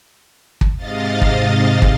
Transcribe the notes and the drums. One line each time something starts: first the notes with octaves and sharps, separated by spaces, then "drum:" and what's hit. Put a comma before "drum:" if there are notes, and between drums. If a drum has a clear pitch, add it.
drum: kick
G#2 C3 D#5 F5 A6
drum: kick
drum: kick